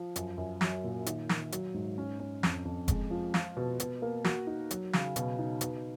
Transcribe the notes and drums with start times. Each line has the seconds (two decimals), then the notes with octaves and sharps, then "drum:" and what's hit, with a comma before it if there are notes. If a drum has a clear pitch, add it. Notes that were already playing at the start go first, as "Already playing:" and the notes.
Already playing: F3
0.16 F#2, drum: hi-hat
0.38 F#2
0.61 F#3, drum: snare
0.84 A#2
1.06 D#3, drum: hi-hat
1.29 D#3, drum: snare
1.52 F#3, drum: hi-hat
1.74 G#2
1.98 C#4
2.20 C#4
2.43 F2, drum: snare
2.65 F2
2.88 G#3, drum: kick F1, hi-hat
3.10 F3
3.34 F4, drum: snare
3.57 B2
3.80 B2, drum: hi-hat
4.02 A#3
4.24 F#4, drum: snare
4.47 D#4
4.71 F#3, drum: hi-hat
4.93 C#3, drum: snare
5.16 B2, drum: hi-hat
5.39 D#4
5.61 B2, drum: hi-hat